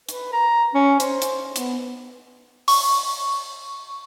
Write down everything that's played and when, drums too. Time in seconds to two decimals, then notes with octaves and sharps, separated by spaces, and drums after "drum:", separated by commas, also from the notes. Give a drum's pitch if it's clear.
0.09 B4, drum: hi-hat
0.33 A#5
0.75 C#4
1.00 C5, drum: hi-hat
1.22 drum: hi-hat
1.56 B3, drum: hi-hat
2.68 C#6, drum: open hi-hat